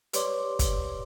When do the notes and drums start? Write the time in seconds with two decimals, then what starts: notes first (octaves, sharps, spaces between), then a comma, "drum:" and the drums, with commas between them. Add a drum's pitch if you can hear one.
0.13 G4 B4 C#5 D5 C6 D6, drum: hi-hat
0.59 drum: kick, hi-hat